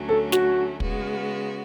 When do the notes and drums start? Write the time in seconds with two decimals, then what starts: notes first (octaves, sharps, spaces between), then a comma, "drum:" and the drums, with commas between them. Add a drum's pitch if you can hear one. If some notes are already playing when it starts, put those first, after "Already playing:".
Already playing: D2 D3 F#3 A3 C#4
0.09 A4
0.32 F#4, drum: snare
0.80 C#3 G#3 B3 F#4, drum: kick